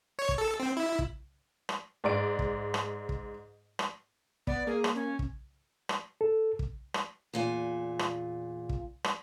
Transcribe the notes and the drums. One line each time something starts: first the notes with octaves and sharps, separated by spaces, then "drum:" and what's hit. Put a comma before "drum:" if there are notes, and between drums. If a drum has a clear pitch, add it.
C#5
drum: kick
A4
C4
E4
drum: kick
drum: rim click
G#2 D5 D7
drum: kick
drum: rim click
drum: kick
drum: rim click
B3 D5, drum: kick
A#3 G#4
drum: rim click
C#4
drum: kick
drum: rim click
A4
drum: kick
drum: rim click
E2 A#2 G#5
drum: rim click
drum: kick
drum: rim click